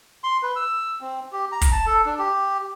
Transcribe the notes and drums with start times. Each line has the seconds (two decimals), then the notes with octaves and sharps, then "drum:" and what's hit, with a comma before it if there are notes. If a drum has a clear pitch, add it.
0.24 C6
0.43 B4
0.56 E6
1.01 C4
1.32 G4
1.52 A#5
1.62 drum: kick, hi-hat
1.72 A5
1.86 A4
2.06 D4
2.19 G4